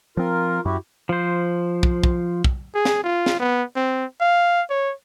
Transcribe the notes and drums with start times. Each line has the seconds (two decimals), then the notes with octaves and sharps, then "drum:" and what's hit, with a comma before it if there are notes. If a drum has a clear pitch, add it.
0.17 F3 C4 F4 A#4
0.65 F#2 E4 F#4 G4
1.09 F3 C5
1.83 drum: kick
2.04 drum: kick
2.44 drum: kick
2.75 G#4
2.85 drum: snare
3.04 F4
3.26 drum: snare
3.40 B3
3.76 C4
4.21 F5
4.70 C#5